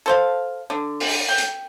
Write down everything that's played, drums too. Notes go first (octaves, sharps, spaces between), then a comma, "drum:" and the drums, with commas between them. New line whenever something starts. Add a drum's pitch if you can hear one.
A4 C5 F5
D3
drum: open hi-hat
G5
drum: hi-hat